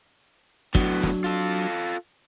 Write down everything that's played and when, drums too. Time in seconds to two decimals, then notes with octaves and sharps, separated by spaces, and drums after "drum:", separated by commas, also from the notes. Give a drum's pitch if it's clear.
0.75 A2 F#3 B3 D4, drum: kick
1.03 drum: snare
1.24 F4 A4